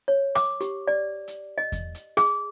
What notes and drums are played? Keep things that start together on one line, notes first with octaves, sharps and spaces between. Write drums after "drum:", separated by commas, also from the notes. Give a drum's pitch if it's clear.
C#5
D6, drum: rim click
G4, drum: hi-hat
D5
drum: hi-hat
D#5
drum: kick E2, hi-hat
drum: hi-hat
G#4, drum: rim click